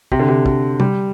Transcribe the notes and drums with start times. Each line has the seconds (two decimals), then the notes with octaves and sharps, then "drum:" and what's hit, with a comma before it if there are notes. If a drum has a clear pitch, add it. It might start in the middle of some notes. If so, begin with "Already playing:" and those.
0.12 C3, drum: kick
0.19 D3
0.28 C3
0.46 D3, drum: kick
0.80 G3, drum: tom